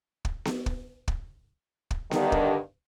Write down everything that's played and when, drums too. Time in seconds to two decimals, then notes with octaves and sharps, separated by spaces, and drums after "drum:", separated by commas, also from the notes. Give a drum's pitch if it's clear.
0.25 drum: kick
0.45 drum: snare B3
0.66 drum: kick
1.08 drum: kick
1.91 drum: kick
2.11 G2 D3 D#3, drum: snare B3
2.32 drum: kick